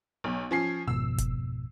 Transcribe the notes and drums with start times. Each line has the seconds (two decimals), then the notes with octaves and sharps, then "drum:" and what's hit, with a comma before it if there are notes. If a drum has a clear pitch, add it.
0.24 B1
0.51 F3 C#4 C7
0.88 G#1 F2 B2 E6
1.18 drum: kick F1, hi-hat